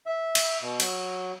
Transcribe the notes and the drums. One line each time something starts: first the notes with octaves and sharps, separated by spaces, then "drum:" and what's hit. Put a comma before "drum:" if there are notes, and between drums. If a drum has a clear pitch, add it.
E5
drum: cymbal
B2
F#3, drum: cymbal